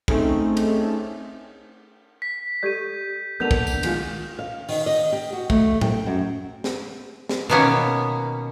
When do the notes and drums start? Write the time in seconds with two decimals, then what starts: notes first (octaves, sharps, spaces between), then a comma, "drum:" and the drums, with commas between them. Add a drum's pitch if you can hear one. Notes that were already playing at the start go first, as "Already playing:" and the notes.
0.08 A3 C4 C#4 D#4 G#4 A4, drum: kick
0.57 drum: cymbal
2.22 B6
2.63 G4 A4 D5 G6 D#7
3.40 A#3 B3 D4 A4 A#4 A5 G6 F7
3.51 drum: kick
3.67 drum: tambourine
3.83 D#3 G#3 F4, drum: cymbal
4.39 F5
4.69 D#3, drum: open hi-hat
4.86 D#5
5.12 G4
5.33 F#4
5.50 A3, drum: kick
5.81 G5, drum: tom A2
6.06 F#2
6.64 drum: snare
7.29 drum: snare
7.49 B2 D#3 A#3 B3 C#4